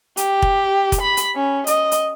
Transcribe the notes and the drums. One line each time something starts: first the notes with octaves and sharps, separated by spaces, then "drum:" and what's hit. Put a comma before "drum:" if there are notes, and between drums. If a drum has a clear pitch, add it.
G4, drum: hi-hat
drum: kick F1
drum: kick F1, hi-hat
B5
drum: hi-hat
C#4
D#5, drum: hi-hat
drum: hi-hat